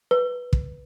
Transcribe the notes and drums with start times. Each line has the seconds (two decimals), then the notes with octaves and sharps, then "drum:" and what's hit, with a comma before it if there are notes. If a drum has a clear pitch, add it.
0.11 B4
0.53 drum: kick